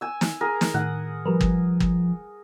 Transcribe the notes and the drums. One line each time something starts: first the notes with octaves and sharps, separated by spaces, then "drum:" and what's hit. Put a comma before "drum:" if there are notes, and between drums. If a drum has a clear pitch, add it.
G#5 E6
drum: snare
G#4 A#4
drum: snare
A2 D#3 F#5
F3 G3 A#4 B4
drum: kick
drum: kick